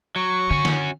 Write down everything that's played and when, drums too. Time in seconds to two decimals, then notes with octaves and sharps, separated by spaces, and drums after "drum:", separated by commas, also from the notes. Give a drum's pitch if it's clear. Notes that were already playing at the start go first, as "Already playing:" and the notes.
0.16 F#3 C#6
0.51 D3 C#4 F#4
0.65 drum: snare